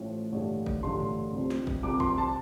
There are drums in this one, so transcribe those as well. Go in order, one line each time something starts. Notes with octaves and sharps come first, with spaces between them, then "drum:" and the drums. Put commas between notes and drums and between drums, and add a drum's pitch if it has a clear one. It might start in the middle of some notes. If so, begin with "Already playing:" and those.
Already playing: A1 A2 F3
A1 G2 D3
drum: kick
A1 G2 D3 C6
drum: tom G2
C2 C3 F3
drum: snare
drum: kick
C2 C3 F3 D6
C6, drum: kick
A5